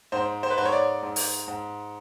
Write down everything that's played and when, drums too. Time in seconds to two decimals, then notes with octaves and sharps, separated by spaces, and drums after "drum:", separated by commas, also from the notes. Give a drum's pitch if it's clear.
0.12 G#2 C5
0.43 C5
0.50 B4
0.58 G#2 C5
0.65 C#5
0.72 D5
1.03 G#2
1.16 drum: open hi-hat
1.48 G#2